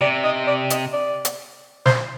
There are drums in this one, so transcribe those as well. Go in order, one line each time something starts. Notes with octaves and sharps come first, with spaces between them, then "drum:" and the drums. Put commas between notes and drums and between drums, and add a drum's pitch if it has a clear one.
C3 D5
D#5
D5
D#5, drum: hi-hat
D5
drum: hi-hat
C5, drum: snare